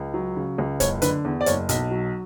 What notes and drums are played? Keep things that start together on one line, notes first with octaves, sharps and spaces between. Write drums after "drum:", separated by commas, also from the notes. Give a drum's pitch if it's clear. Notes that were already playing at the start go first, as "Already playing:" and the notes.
Already playing: C#2
F#3
C#3
C#2
F#1 C#5, drum: kick D1, hi-hat
D3 B4, drum: hi-hat
E2
D5
F#1 C#5, drum: hi-hat
B1, drum: hi-hat
F#3